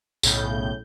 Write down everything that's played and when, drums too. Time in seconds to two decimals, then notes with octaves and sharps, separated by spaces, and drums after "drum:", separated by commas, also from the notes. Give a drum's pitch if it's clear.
0.23 B1 A2 C#3 G6, drum: tambourine